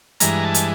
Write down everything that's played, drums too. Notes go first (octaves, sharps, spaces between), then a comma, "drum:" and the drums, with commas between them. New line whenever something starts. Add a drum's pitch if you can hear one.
G2 E3 G#3 A#5, drum: hi-hat
A5
drum: hi-hat